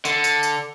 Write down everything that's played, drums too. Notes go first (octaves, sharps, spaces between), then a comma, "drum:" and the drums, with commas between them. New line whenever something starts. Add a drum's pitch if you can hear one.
D3, drum: tambourine
drum: tambourine
drum: tambourine